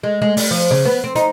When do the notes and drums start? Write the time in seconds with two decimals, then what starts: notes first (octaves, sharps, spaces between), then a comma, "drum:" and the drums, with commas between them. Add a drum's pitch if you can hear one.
0.03 G#3
0.22 G#3
0.37 G3, drum: open hi-hat
0.51 F3
0.71 C#3
0.85 B3
1.04 C4
1.15 D#4, drum: hi-hat